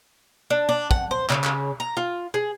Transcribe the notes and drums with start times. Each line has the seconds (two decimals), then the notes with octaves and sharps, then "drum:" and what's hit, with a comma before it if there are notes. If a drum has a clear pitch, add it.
0.50 D4
0.69 D4
0.91 F#5, drum: kick
1.11 C5
1.30 C#3, drum: clap
1.44 drum: clap
1.80 A#5
1.97 F4
2.34 G#4